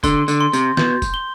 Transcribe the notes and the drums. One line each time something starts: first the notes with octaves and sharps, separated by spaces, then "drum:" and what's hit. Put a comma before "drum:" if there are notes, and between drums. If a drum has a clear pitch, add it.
D3 C6, drum: kick, tambourine
D3, drum: tambourine
C6
C3, drum: tambourine
B2 G6, drum: snare
drum: kick, tambourine
G7